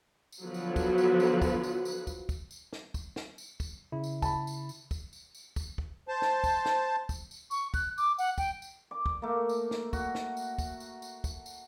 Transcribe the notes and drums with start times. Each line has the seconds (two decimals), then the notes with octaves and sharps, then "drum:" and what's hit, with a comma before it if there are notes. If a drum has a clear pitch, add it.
0.32 drum: tambourine
0.43 D3 F3 F#3 B3 B4
0.54 drum: tambourine
0.76 drum: kick, tambourine
0.98 drum: tambourine
1.20 drum: tambourine
1.42 drum: kick, tambourine
1.63 drum: tambourine
1.85 drum: tambourine
2.07 drum: kick, tambourine
2.29 drum: kick, tambourine
2.51 drum: tambourine
2.73 drum: snare
2.94 drum: kick, tambourine
3.16 drum: snare
3.38 drum: tambourine
3.60 drum: kick, tambourine
3.92 C#3 E4
4.04 drum: tambourine
4.22 A5 B5, drum: kick, tambourine
4.47 drum: tambourine
4.69 drum: tambourine
4.91 drum: kick, tambourine
5.13 drum: tambourine
5.35 drum: tambourine
5.56 drum: kick, tambourine
5.78 drum: kick
6.08 C5 A5
6.22 drum: snare
6.44 drum: kick, tambourine
6.66 drum: snare
7.09 drum: kick, tambourine
7.31 drum: tambourine
7.51 C#6, drum: tambourine
7.74 F#6, drum: kick, tambourine
7.98 D6, drum: tambourine
8.19 F#5, drum: tambourine
8.38 G5, drum: kick, tambourine
8.62 drum: tambourine
8.91 D6
9.06 drum: kick
9.22 A3 A#3
9.49 drum: tambourine
9.71 drum: snare
9.93 F#4, drum: kick, tambourine
10.15 drum: snare
10.37 drum: tambourine
10.58 drum: kick, tambourine
10.80 drum: tambourine
11.02 drum: tambourine
11.24 drum: kick, tambourine
11.46 drum: tambourine